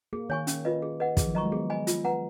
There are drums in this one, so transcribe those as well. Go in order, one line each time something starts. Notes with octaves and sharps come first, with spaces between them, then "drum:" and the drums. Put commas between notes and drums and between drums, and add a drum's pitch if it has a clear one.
A#3 G#4
D#3 C#5 G#5 C#6
C#4, drum: hi-hat
F4 B4 D#5
G#4
B4 D#5 F#5
D#3 G#4, drum: kick, hi-hat
F3
F#3 D#5 A#5 C#6
G#3
B3 G#4
D#5 G#5 B5
F4, drum: hi-hat
B4 F#5 A#5